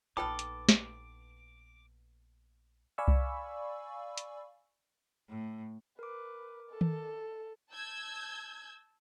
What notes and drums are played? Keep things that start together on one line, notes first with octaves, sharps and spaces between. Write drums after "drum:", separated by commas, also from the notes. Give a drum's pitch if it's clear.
A#1 B3 D#4 A4 B4 G5 B5 D6
drum: hi-hat
drum: snare
D5 F5 G#5 B5 C#6 E6
drum: kick C2
drum: hi-hat
A2
A#4 B4 D6
A4
drum: tom D#3
A5 E6 G6 G#6